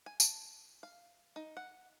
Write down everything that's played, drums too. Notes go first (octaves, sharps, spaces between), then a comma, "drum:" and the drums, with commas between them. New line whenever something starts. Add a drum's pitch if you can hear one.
G#5
A5, drum: tambourine
F5
D#4
F#5